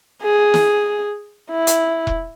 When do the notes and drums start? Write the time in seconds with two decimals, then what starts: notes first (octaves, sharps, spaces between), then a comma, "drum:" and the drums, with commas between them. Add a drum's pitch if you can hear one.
0.23 G#4
0.54 drum: snare
1.51 E4
1.67 drum: hi-hat
2.07 drum: kick E1